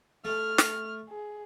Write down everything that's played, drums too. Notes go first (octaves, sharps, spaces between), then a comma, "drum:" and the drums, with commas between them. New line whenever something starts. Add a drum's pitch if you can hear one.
A3 F6
drum: snare
G#4